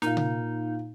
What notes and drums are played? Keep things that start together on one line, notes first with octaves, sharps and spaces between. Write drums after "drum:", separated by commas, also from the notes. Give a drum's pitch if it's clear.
A#2 D#4 F4 F5, drum: snare
drum: tom C3